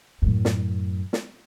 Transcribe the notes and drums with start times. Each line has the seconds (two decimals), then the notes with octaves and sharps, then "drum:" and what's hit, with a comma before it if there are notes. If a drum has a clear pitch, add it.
0.22 F#2 A2
0.45 drum: snare
1.13 drum: snare